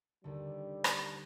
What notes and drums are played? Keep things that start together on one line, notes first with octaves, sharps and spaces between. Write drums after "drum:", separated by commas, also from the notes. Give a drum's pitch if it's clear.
D#2 D3 G3
drum: rim click